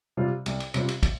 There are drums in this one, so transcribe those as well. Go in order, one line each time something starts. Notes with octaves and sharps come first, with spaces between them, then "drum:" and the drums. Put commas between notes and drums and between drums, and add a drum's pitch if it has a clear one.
C3 G3 C4 F4
C2, drum: cymbal
drum: cymbal
C3 G3 C4 F4, drum: cymbal
drum: cymbal
drum: kick, cymbal